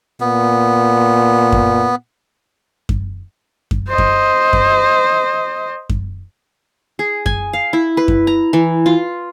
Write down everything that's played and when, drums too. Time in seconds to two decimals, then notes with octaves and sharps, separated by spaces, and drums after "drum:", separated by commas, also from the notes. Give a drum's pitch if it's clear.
0.20 A#2 B3
1.52 drum: kick F#2
2.89 drum: kick F#2
3.71 drum: kick F#2
3.89 C5 D#5
3.98 drum: kick F#2
4.53 drum: kick F#2
5.89 drum: kick F#2
6.99 G#4
7.26 G#5, drum: kick F#2
7.53 F5
7.73 E4
7.97 B4
8.08 drum: kick F#2
8.27 A#5
8.53 E3
8.86 F4